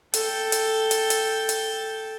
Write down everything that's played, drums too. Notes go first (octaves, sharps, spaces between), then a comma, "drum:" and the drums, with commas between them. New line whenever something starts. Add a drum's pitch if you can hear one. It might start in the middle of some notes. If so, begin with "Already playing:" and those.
A4 G5, drum: hi-hat
drum: hi-hat
drum: hi-hat
drum: hi-hat
drum: hi-hat